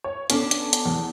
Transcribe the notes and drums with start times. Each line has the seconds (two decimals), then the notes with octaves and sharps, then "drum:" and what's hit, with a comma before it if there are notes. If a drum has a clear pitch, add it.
0.04 C#5
0.30 B3 C#4 D4 A4, drum: hi-hat
0.51 drum: hi-hat
0.73 drum: hi-hat
0.86 E2